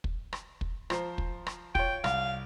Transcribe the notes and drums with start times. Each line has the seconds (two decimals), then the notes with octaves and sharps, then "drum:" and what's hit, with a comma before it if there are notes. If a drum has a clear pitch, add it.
0.04 drum: kick
0.33 drum: rim click
0.61 drum: kick
0.90 F3 C5 A#5, drum: rim click
1.18 drum: kick
1.46 drum: rim click
1.75 F4 C#5 G5, drum: kick
2.04 C2 F5, drum: rim click